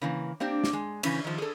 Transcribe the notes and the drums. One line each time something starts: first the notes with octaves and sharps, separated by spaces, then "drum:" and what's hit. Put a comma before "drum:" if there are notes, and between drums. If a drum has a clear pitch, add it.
C#3 E3 A#3
A#3 C4 D4 G4
drum: snare
G#3
C#3 E3 C#4, drum: cymbal
D#3 F3
G#4 A4